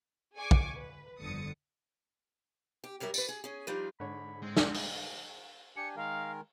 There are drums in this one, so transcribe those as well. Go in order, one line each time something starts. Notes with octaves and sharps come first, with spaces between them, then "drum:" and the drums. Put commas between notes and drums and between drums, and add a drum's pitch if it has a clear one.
G#4 D5 G#5 C#6 D6
drum: kick
B4
G1 F2 D3 D#6 A6 C#7
G4
F#2 F#3 G3 A#4 E5
B4 D5, drum: tambourine
G#4
C#4 G#4
F3 G3 D4 D#4 F4
G#2 D3 C#5 B5
G#3 C4
drum: snare
drum: open hi-hat
D4 G4 G#5 C#7
D#3 G#3 A#4 F5